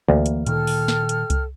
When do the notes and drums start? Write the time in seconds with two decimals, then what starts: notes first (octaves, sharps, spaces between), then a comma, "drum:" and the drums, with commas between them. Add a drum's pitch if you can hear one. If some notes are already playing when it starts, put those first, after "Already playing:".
0.09 D2 E3 A#3
0.26 drum: hi-hat
0.47 A#2 D#3 A4 G5 F6, drum: hi-hat
0.67 drum: open hi-hat
0.88 drum: snare
1.09 drum: hi-hat
1.30 drum: kick C2, hi-hat